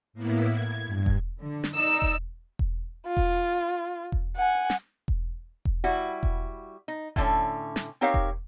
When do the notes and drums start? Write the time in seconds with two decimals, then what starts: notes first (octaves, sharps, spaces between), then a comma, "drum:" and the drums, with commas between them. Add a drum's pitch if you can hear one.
0.13 A2 A#3 B3 E4
0.49 G#6
0.86 G2
1.06 drum: kick E1
1.41 D3
1.64 drum: snare
1.75 D#4 D5 E6
2.02 drum: kick E1
2.59 drum: kick E1
3.07 F4
3.17 drum: kick E1
4.12 drum: kick E1
4.37 F#5 G#5
4.70 drum: snare
5.08 drum: kick E1
5.65 drum: kick E1
5.84 G3 E4 F#4
6.23 drum: kick E1
6.88 D#4
7.16 A2 D3 C#4, drum: kick E1
7.76 drum: snare
8.01 C4 D#4 G4 A#4 C#5 F5
8.14 drum: kick E1